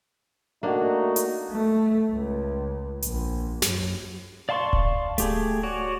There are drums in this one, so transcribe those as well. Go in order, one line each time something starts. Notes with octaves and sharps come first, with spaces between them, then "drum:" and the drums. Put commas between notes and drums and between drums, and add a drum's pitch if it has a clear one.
A3 A#3 D4 D#4 F#4
drum: hi-hat
A3
C#2
A#1, drum: hi-hat
F#2, drum: snare
D5 F5 A5 C6 C#6
drum: kick D1
A3 G4 G#4, drum: hi-hat
F#4 C#5 D5